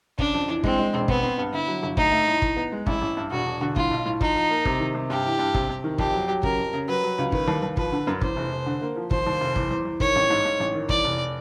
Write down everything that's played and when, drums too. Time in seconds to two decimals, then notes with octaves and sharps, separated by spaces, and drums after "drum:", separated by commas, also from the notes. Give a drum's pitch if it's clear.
0.19 C#3 D4, drum: kick
0.34 F2
0.48 E3
0.64 G#3 C4, drum: kick
0.78 G#3
0.94 E1
1.08 B3 C4, drum: kick
1.23 C4
1.38 G2
1.53 D3 E4
1.68 F#3
1.83 G1
1.97 A3 D#4, drum: kick
2.12 A3
2.28 A2
2.42 E3, drum: kick
2.57 B3
2.72 G#3
2.86 A1 E4, drum: kick
3.01 A1
3.17 G2
3.31 E1 F#4
3.46 E1
3.61 D3
3.76 A2 F4, drum: kick
3.91 B1
4.05 A2
4.21 F3 D#4, drum: kick
4.36 F3
4.50 A#3
4.65 C3, drum: kick
4.80 D#3
4.95 C3
5.10 G2 G4
5.25 E3
5.39 G2
5.54 C3, drum: kick
5.69 C3
5.84 D#3
5.98 F2 G4, drum: kick
6.14 F#3
6.28 F#3
6.43 C#3 A#4, drum: kick
6.59 F2
6.74 C#3
6.88 F#3 B4
7.03 F#3
7.18 C#2
7.32 D#3 B4, drum: kick
7.48 D#2
7.63 D#2
7.77 F3 B4, drum: kick
7.92 D3
8.07 F#2
8.21 E2 C5, drum: kick
8.36 F1
8.51 F1
8.66 D3
8.82 A#3
8.96 F3
9.11 D#2 C5, drum: kick
9.27 D#2
9.41 F1
9.56 E2, drum: kick
9.71 E2
9.85 E2
10.00 D#3 C#5, drum: kick
10.15 A1
10.30 G#2
10.45 G#2
10.60 A1
10.75 D#3
10.89 E2 D5, drum: kick
11.04 F1